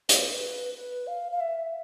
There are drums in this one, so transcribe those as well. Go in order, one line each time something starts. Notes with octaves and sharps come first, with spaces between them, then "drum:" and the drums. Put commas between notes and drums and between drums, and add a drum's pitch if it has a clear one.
C5, drum: hi-hat
B4
B4
B4
F5
F5
E5